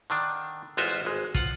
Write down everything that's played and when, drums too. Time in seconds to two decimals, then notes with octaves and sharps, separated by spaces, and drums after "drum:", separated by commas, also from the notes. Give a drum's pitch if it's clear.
0.10 D3 D#3 D4
0.77 A1 G#3 F4 F#4 C5 E5
0.87 drum: hi-hat
1.05 G#1 G#3
1.35 F4 F#5, drum: kick, hi-hat